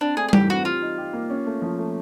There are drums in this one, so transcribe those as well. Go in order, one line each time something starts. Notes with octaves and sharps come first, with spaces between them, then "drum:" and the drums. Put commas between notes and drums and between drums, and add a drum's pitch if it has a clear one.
C4 D4
A3 G#4
G#4
E3 G4, drum: tom G3
C4 F#4
G3 F4
D#4
G4
A#3
C#4
A3
F3
A3